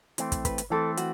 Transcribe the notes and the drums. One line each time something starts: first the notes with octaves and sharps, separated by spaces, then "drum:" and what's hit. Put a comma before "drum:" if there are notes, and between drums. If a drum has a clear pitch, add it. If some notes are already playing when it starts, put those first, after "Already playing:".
E3 A3 C4, drum: hi-hat
drum: kick, hi-hat
B4, drum: kick, hi-hat
drum: hi-hat
E3 A3 C4 A4
F#4, drum: hi-hat